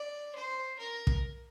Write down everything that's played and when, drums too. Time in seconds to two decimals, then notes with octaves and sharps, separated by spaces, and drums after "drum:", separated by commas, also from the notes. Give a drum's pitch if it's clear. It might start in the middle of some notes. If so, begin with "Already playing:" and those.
Already playing: D5
0.35 C5
0.79 A#4
1.07 drum: kick